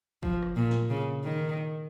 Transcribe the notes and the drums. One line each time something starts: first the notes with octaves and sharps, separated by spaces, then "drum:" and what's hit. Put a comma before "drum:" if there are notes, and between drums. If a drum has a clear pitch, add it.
F3, drum: kick
drum: rim click
A#2
drum: snare
C#3
D#3